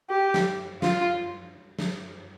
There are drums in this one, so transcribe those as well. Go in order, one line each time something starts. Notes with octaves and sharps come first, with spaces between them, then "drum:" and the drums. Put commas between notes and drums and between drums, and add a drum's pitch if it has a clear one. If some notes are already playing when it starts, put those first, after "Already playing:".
G4
drum: snare
F4, drum: snare
drum: snare